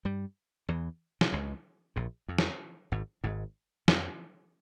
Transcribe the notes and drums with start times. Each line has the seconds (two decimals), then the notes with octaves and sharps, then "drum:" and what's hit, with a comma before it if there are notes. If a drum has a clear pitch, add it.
0.05 G2 G3
0.68 E2 E3
1.21 C3, drum: snare
1.32 C#2 C#3
1.96 A#1 A#2
2.28 F2
2.38 drum: snare
2.92 G#1 G#2
3.24 G#1 G#2
3.88 F2, drum: snare